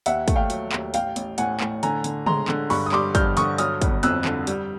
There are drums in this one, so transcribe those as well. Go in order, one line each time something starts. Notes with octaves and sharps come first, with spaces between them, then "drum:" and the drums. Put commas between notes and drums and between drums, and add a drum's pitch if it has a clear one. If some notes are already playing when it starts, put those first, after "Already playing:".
D#2 E5 F#5, drum: hi-hat
A3, drum: kick, hi-hat
F5 G5
F#3, drum: hi-hat
D#2, drum: clap
A1 F5 G5, drum: hi-hat
A1, drum: hi-hat
A2 F#5 G#5, drum: hi-hat
A2, drum: clap
D3 G#5 A#5, drum: hi-hat
D3, drum: hi-hat
G#3 A#5 C6, drum: tom
D3, drum: clap
G2 B5 C#6, drum: open hi-hat
D#6
G3 C6 D6, drum: clap
G2 F6 G6, drum: kick, hi-hat
D3 C#6 D#6, drum: hi-hat
F#3 D#6 F6, drum: hi-hat
G1, drum: kick, hi-hat
F2 E6 F#6, drum: hi-hat
D3, drum: clap
G3, drum: hi-hat